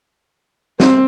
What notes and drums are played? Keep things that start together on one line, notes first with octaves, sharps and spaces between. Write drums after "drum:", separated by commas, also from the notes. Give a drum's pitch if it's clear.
C4, drum: snare